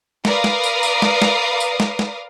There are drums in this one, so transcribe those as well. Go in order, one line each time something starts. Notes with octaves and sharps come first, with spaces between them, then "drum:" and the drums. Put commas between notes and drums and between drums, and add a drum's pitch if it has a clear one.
A#4 B4 D5 F5 D#6, drum: snare
drum: snare
drum: tambourine
drum: tambourine
drum: snare
drum: snare
drum: tambourine
drum: snare
drum: snare